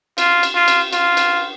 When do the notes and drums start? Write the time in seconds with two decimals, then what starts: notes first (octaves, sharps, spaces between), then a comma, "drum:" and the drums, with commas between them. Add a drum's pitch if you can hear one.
0.18 F4, drum: cymbal
0.43 drum: cymbal
0.55 F4
0.68 drum: cymbal
0.93 F4, drum: cymbal
1.17 drum: cymbal